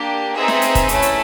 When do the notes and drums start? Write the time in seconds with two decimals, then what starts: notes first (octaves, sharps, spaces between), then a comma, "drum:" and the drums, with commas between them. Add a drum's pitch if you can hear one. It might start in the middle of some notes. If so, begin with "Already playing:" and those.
Already playing: A#3 D4 G4
0.34 C4 D#4 G#4 B4 E5
0.48 drum: snare
0.62 drum: hi-hat
0.75 drum: kick, hi-hat
0.89 A3 C#4 E4, drum: hi-hat
1.02 drum: hi-hat